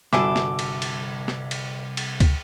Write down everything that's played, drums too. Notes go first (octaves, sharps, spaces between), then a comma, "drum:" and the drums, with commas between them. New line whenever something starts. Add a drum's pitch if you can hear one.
G1 C2 E4 F#4 G#4 A4 E5 D6, drum: snare
drum: snare
drum: cymbal
drum: cymbal
drum: snare
drum: cymbal
drum: cymbal
drum: kick, cymbal